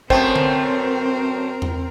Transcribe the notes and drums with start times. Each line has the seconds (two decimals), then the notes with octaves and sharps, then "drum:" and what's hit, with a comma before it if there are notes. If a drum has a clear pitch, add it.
0.10 F#2 A3 B3 C4 A#4 C5 G5, drum: kick
0.36 drum: tom D3
1.62 drum: tom E2